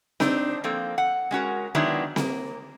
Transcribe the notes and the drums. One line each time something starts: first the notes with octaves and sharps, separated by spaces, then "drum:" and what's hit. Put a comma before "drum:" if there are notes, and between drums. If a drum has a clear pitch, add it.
C4 D4 D#4, drum: snare C4
F3 A#3 C4 A4
F#5
G#3 C#4 F#4 A#4
D#3 F#3 G#3 B3 D4 E4
A#3, drum: snare C4